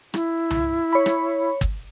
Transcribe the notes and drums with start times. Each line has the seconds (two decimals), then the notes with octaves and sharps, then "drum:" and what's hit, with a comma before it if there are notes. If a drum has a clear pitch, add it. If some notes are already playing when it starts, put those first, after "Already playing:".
0.14 E4, drum: rim click
0.50 drum: tom C2
0.93 C#5 B5
1.06 drum: rim click
1.61 drum: kick G1